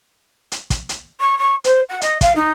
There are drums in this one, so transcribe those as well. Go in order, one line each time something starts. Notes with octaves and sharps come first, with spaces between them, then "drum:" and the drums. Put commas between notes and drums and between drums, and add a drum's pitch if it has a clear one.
drum: hi-hat
drum: kick, hi-hat
drum: hi-hat
C#6
C#6
C5, drum: hi-hat
F#5
D#5, drum: hi-hat
F5, drum: kick, hi-hat
D#4